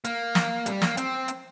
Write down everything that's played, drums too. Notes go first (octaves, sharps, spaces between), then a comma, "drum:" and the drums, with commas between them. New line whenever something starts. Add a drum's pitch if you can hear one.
A#3, drum: hi-hat
drum: snare
G3, drum: hi-hat
A#3, drum: snare
C4, drum: hi-hat
drum: hi-hat